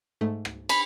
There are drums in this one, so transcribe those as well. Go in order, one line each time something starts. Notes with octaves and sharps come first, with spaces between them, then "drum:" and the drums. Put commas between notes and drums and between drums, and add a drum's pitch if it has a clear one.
G#2 A3
drum: rim click
B5, drum: cymbal